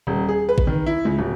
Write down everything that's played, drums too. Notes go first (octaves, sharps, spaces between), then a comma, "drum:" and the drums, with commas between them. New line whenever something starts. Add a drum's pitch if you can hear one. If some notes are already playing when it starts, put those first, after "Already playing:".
D#1
G#4
B4
drum: kick A1
D#3
E4
C#2
D1